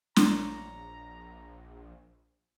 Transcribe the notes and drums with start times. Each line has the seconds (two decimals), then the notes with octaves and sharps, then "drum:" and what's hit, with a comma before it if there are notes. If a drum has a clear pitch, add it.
0.16 A#1 D4 C#5 A#5, drum: snare